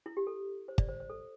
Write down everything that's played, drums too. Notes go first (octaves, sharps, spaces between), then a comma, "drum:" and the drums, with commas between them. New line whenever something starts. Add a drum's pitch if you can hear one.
E4
G4
A4
C5
D5, drum: kick
C5
C5
A4